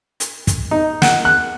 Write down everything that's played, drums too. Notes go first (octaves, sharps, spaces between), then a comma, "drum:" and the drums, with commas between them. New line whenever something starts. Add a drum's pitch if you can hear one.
drum: hi-hat
drum: kick, hi-hat
D#4
F#5, drum: snare
F#6